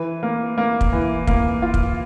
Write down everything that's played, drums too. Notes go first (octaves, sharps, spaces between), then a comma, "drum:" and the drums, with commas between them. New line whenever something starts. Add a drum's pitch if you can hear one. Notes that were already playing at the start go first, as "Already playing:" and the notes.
Already playing: E3
A#3
A#3
drum: kick
E3
A#3, drum: kick
F4
drum: kick